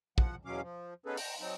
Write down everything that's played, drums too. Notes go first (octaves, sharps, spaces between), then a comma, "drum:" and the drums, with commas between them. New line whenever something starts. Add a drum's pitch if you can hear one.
F3 F#5, drum: kick
E2 B2 F#3 C#4 F5 D6
F3
B3 C#4 D#4 G#4 A4 B4
G5 A#5, drum: open hi-hat
F#3 C4 D#4